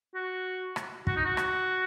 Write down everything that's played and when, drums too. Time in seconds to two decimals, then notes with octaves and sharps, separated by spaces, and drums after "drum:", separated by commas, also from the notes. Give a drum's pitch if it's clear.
0.15 F#4
0.76 drum: rim click
1.07 F#4, drum: kick
1.16 D#4
1.25 F#4
1.37 drum: rim click